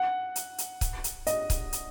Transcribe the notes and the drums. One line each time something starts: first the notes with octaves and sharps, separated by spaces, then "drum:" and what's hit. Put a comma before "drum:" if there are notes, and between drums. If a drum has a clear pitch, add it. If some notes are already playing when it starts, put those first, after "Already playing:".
Already playing: F#5
drum: hi-hat
drum: hi-hat
drum: kick C#1, hi-hat
drum: hi-hat
D#5, drum: hi-hat
drum: kick C#1, hi-hat
drum: hi-hat